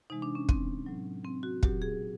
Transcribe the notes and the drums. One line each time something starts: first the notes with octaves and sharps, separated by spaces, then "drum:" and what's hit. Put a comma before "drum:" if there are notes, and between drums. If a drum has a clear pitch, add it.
C3 E3 G#3 D#4
D4
C#4
C4, drum: kick
A2 F#3
C4
F#4
A#2 F#3 G4, drum: kick
G#4